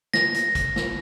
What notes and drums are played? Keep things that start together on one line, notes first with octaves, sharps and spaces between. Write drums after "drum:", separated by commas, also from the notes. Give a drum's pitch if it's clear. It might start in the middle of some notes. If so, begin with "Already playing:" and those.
A#6, drum: snare
drum: hi-hat
drum: kick, hi-hat
drum: snare